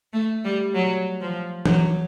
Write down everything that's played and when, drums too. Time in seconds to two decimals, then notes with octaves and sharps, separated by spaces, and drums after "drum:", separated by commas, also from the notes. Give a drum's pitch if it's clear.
0.13 A3
0.45 G3
0.74 F#3
1.21 F3
1.66 F#3, drum: tom E3